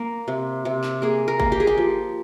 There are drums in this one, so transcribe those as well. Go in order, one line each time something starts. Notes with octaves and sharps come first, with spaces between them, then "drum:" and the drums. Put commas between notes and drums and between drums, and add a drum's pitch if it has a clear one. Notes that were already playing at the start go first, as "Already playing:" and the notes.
Already playing: A#3 A#4
C3
C3
drum: clap
A#3 G#4
A#4
A#3, drum: kick G1
G4
G#4
G4
F3